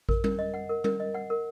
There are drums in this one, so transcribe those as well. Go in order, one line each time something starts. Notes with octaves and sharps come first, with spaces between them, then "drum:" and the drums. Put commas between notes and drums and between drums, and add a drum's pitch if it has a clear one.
A#4, drum: kick A1
A#4, drum: tom G3
D#5
F#5
A#4
A#4, drum: tom G3
D#5
F#5
A#4